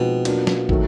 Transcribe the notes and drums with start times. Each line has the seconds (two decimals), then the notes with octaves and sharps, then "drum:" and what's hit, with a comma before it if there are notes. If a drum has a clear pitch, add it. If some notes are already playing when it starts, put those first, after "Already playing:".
Already playing: B2 F3 G#3 C4 D#4
0.25 F#3 A#3 D4 F4, drum: cymbal
0.47 drum: snare
0.69 D#3 F#3 A3, drum: kick